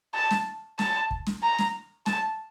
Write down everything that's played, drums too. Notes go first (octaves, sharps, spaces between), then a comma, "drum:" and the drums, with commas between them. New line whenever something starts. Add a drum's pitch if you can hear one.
A5
drum: snare
A5, drum: snare
drum: kick
drum: snare
A#5
drum: snare
A5, drum: snare